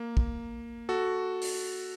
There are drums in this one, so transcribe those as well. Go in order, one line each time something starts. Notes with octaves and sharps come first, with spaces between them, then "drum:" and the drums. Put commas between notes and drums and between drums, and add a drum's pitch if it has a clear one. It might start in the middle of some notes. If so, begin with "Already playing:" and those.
Already playing: A#3
drum: kick
F#4 A4
drum: open hi-hat